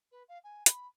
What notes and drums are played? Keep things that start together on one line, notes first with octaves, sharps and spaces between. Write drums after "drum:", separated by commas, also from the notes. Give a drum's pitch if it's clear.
B4
F5
G#5
B5, drum: hi-hat